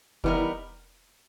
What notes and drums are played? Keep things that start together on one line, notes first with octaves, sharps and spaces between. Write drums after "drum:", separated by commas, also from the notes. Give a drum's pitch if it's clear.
E3 G3 B3 D#4 A#4, drum: kick F1